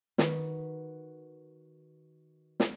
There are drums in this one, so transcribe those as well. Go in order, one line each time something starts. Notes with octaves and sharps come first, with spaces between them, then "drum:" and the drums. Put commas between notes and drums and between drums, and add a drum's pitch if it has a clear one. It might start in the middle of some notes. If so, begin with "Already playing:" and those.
D#3 F#4 B4, drum: snare
drum: snare